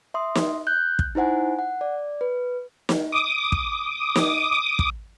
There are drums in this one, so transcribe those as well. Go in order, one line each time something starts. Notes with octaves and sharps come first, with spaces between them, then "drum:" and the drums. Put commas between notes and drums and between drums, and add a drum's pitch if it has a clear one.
E5 C6 D#6
drum: snare
F#6 G6
drum: kick
D#4 E4 C5 F#5 G#5
F#5
D5
B4
drum: snare
D6 D#6
drum: kick
drum: snare
drum: kick